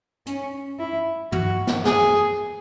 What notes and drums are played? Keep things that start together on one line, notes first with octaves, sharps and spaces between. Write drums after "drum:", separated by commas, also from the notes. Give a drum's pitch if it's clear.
C#4, drum: hi-hat
E4
F#4, drum: tom
drum: snare
G#4, drum: snare